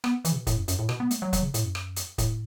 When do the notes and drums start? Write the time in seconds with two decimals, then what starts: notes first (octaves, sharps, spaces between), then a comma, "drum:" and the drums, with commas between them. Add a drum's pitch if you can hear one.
0.04 B3, drum: rim click
0.25 E3, drum: hi-hat
0.32 C#3
0.36 B2
0.47 A2, drum: kick, hi-hat
0.57 F#2
0.68 F#2, drum: hi-hat
0.79 A2
0.89 B2, drum: rim click
1.00 B3
1.11 A3, drum: hi-hat
1.22 F#3
1.33 F#3, drum: kick, hi-hat
1.42 C#3
1.54 A2, drum: hi-hat
1.65 F#2
1.75 drum: rim click
1.96 drum: hi-hat
2.18 A2, drum: kick, hi-hat